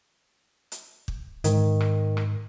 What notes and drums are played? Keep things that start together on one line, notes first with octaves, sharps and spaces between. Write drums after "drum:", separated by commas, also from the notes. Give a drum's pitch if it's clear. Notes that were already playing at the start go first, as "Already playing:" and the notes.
drum: hi-hat
drum: kick
G#2 D#3, drum: hi-hat
drum: rim click
drum: rim click